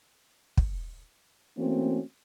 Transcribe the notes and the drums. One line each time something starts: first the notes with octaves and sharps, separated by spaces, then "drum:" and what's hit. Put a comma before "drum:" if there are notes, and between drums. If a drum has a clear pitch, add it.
drum: kick
E3 A3 A#3 C4 C#4 F#4